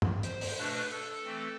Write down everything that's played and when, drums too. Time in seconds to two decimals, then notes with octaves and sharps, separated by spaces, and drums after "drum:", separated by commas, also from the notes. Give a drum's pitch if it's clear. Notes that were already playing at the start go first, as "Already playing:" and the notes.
0.02 drum: tom G2
0.23 C5, drum: hi-hat
0.41 drum: open hi-hat
0.57 B2 A3 D4 B4
0.90 A4
1.24 E3 A3 C4